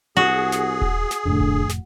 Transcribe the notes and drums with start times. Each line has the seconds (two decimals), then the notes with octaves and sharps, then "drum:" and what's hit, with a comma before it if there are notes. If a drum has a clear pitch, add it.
0.17 C2 F#4 G#4
0.52 drum: snare
0.81 drum: kick D#1
1.11 drum: snare
1.25 F1 A2 D3
1.40 drum: kick D#1
1.69 drum: snare